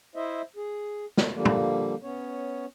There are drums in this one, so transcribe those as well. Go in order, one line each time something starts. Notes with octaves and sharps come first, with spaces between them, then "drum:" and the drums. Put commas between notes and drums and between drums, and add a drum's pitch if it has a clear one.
E4 C5 D#5 E5
G#4
drum: snare
D3 F3 G3 A#3
drum: tom
B3 C#4 C#5